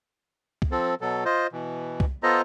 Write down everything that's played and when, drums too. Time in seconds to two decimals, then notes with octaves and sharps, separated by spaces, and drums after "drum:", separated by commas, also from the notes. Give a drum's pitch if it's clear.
0.62 drum: kick C2
0.71 F3 C4 A4
1.01 B2 F#3 A4
1.25 F4 C5 D#5
1.52 B2 E3
2.00 drum: kick C2
2.23 B3 F4 A4 C5 D#5 A#5